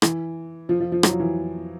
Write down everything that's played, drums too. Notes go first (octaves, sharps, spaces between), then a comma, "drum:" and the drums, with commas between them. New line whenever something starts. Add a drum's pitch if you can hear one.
E3, drum: rim click
F3
F3
F3
F#3, drum: rim click
F3
E3